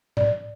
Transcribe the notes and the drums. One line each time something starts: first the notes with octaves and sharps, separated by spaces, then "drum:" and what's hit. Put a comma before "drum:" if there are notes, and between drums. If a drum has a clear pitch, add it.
D5, drum: tom A2